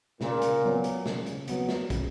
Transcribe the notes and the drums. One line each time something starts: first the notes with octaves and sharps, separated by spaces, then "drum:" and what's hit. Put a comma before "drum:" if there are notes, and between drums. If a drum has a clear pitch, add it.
A#2 C#3, drum: snare
drum: hi-hat
F#3 B3 F#4
drum: hi-hat
C#3, drum: snare
drum: hi-hat
F#3 B3 F#4, drum: hi-hat
drum: snare
C#3, drum: kick, hi-hat